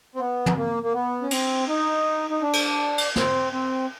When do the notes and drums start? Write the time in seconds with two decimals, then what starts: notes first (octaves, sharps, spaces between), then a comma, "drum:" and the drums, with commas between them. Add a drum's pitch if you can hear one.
0.15 C4
0.20 B3
0.46 drum: tom
0.56 A#3
0.83 A#3
0.94 B3
1.22 C#4
1.31 C4, drum: cymbal
1.68 D#4
2.30 D#4
2.42 D4
2.53 drum: cymbal
2.98 drum: cymbal
3.16 C4, drum: snare
3.52 C4